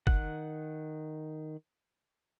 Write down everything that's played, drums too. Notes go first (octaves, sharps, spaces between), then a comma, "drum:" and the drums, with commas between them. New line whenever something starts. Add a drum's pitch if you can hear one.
D#3 F#5 F#6, drum: kick G1